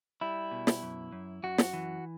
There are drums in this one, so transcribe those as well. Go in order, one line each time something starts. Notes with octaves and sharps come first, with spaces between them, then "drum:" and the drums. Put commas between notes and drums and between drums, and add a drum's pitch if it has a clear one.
G3 E4
B2
drum: snare
F#2
F#2
F#2 F#4
drum: snare
E3